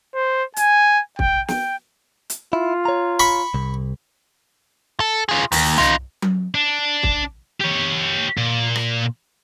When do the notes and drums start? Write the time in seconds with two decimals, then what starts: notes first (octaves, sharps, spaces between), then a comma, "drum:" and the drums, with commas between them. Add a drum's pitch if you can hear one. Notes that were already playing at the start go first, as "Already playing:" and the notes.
0.15 C5
0.56 G#5, drum: hi-hat
1.19 G5, drum: kick
1.48 G5, drum: snare
2.30 drum: hi-hat
2.53 E4 F4
2.85 C#5 A#5
3.20 B5 C#6
3.54 C2
5.00 A4
5.29 F4 G#4
5.52 D#2, drum: open hi-hat
5.78 D#4 F4, drum: tom
6.22 drum: tom F#3
6.55 D4
7.03 drum: kick
7.60 G4 C#5
8.37 A#2
8.76 drum: rim click